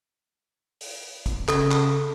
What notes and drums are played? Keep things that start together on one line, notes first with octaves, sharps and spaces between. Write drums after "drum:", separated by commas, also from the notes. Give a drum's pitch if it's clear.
drum: open hi-hat
drum: kick, hi-hat
C#3 A4, drum: clap
drum: clap